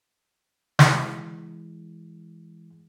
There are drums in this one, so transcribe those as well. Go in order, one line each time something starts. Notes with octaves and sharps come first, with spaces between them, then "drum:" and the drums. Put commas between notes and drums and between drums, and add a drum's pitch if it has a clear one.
E3 G#3, drum: snare